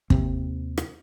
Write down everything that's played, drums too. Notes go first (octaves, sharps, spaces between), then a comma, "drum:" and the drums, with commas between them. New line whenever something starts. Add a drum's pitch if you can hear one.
D#2 C3 C4, drum: kick
drum: rim click